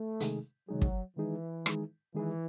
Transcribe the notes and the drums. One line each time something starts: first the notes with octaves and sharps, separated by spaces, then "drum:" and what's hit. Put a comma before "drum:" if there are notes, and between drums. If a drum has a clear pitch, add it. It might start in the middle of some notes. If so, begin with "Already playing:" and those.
Already playing: A3
C3 D#3 G#3 D#4 G#4, drum: hi-hat
C3 D#3 F#3 G#3 D#4 G#4
drum: kick
D#3 E3 G#3 D#4 G#4
D#3 G#3 D#4 G#4, drum: rim click
D#3 E3 G#3 D#4 G#4